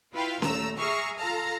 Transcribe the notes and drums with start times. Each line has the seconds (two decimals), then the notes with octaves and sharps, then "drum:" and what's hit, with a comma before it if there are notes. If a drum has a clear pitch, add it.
0.13 E4 F4 B4 F5 G5
0.42 D#2 A#2 A3 A#5 E6, drum: snare C#4
0.78 G#4 E5 A#5 C#6 F6 C7
1.18 F4 A4 F5 A5 A#5 F6